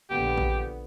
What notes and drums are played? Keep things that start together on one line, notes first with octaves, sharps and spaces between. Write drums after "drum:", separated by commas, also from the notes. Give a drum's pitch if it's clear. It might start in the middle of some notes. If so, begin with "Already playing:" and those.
A#1 D3 B3 G4
drum: kick A1